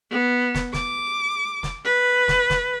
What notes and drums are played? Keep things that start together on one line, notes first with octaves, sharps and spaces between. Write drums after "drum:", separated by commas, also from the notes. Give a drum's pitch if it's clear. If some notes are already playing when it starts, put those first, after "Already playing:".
B3
drum: snare
D6, drum: snare
drum: snare
B4
drum: snare
drum: snare